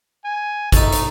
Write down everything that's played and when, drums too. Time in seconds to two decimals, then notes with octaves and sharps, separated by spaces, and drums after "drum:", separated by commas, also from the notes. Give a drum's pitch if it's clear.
0.25 G#5
0.72 A3 D#4 A5, drum: kick, hi-hat
0.92 drum: hi-hat